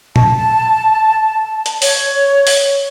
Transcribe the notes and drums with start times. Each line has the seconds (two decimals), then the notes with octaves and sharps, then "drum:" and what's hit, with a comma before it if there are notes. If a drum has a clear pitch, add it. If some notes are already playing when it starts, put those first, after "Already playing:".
0.16 A5, drum: tom A#2
1.66 drum: hi-hat
1.82 C#5, drum: open hi-hat
2.47 drum: open hi-hat